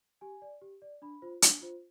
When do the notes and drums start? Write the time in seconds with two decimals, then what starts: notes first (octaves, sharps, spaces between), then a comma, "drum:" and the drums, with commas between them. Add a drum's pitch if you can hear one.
0.21 G4 G#5
0.42 D5
0.61 G4
0.82 D5
1.02 D4 B5
1.22 F4 C5
1.42 D4, drum: hi-hat
1.62 F4 C5